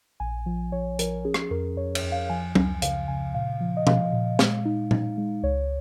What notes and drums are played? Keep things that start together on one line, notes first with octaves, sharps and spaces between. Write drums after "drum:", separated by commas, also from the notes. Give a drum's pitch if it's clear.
A#1 G#5
F3
F3 C#5
F3 A#4, drum: hi-hat
C#4 G#4
drum: rim click
F2 A#4
F2 C#5
C#5, drum: cymbal
F2
F5
F3 G#5
C#2, drum: tom F#3
C#3 F5, drum: hi-hat
C#3 G#5
A#2 F5
F3
D#5
F3 F5, drum: tom
A#2
G#3, drum: snare
D#4
D#4, drum: tom A#2
G#3
C#2 C#5